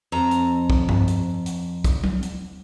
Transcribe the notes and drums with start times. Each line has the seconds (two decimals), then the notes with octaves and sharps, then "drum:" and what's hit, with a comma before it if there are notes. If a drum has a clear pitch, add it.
0.12 F2 A#5
0.31 drum: hi-hat
0.70 drum: kick
0.89 drum: tom G2
1.08 drum: hi-hat
1.46 drum: hi-hat
1.84 drum: kick, hi-hat
2.04 drum: tom F#3
2.23 drum: hi-hat